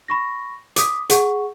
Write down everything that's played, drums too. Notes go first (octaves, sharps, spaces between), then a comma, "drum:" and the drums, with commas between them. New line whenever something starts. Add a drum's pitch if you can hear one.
B5 C#6 A#6
D6 D#6 B6, drum: hi-hat
G#4 F#5 C#6, drum: hi-hat